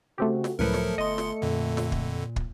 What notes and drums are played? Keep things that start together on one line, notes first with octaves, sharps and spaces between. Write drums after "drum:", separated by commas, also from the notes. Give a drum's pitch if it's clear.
C#3 A3 C4 F#4 G4
drum: snare
C#2 A2 F3 F#3 A3 A#4 B4 C#7
drum: snare
G1 D#5 C6
drum: snare
F2 A#2 D3
drum: snare
drum: kick
drum: kick